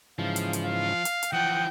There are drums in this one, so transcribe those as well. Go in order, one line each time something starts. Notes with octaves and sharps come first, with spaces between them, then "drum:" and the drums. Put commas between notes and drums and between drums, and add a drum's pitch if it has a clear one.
G#2 C#3 E3 F3 F5
drum: hi-hat
drum: hi-hat
F5
drum: hi-hat
drum: hi-hat
E3 F3 F#5 G5 D#6